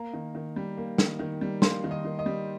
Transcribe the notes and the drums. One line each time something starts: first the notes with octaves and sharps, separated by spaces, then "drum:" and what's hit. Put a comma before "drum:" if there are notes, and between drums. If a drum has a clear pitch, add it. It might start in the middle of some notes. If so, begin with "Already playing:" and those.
Already playing: A#3 A#5
D#3
D#3
G3
A#3
D#3, drum: snare
D#3
G3
A#3 C6, drum: snare
D#3
D#5
D#3
D#5
G3